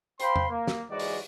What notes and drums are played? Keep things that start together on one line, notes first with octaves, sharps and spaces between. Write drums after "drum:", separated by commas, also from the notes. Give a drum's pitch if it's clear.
C5 F5 G5 B5 C6, drum: hi-hat
drum: tom E2
A#3
drum: snare
G#2 E3 F#3 G#3 F#4 D5
drum: open hi-hat